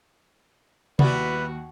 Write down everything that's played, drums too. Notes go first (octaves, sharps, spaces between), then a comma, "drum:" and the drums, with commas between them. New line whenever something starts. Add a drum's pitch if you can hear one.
D#2 G3 B3 E4 F#4 B4, drum: tom C3